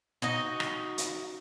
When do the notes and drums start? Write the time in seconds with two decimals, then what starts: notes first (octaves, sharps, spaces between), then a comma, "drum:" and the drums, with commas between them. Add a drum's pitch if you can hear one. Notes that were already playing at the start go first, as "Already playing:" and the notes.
0.22 D#4 F#4 D#5
0.60 drum: rim click
0.98 drum: hi-hat